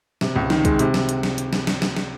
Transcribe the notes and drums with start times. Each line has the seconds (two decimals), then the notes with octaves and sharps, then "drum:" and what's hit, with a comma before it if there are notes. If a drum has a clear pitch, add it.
0.21 C3, drum: snare
0.35 C#2
0.50 D#3, drum: snare
0.65 G#3, drum: kick C2, hi-hat
0.79 C3, drum: hi-hat
0.94 drum: snare
1.09 drum: hi-hat
1.23 drum: snare
1.38 drum: hi-hat
1.53 drum: snare
1.67 drum: snare
1.82 drum: snare
1.97 drum: snare